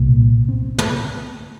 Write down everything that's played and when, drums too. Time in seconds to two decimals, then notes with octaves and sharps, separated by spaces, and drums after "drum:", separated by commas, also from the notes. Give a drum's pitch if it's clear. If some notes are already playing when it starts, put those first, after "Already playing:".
Already playing: C2 A#2
0.48 C4
0.78 drum: tom